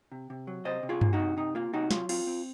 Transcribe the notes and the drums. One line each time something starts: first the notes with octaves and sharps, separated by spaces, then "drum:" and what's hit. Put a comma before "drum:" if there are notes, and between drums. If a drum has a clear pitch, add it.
C3
C3
F#3
C3 C5 D#5
C3
F4 G#4
A#3, drum: tom G2
D#4 F#4
C3
C3 D#4
A#3 F4
C3 D#4 F#4
F#3 F4, drum: snare
C4 F4, drum: cymbal
C4